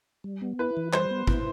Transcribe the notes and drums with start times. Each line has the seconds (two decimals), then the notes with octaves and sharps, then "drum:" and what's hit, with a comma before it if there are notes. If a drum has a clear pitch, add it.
0.24 G3
0.42 B3
0.59 E4 B4
0.77 E3
0.93 G3 C5, drum: clap
1.11 B3
1.27 E4, drum: kick G#1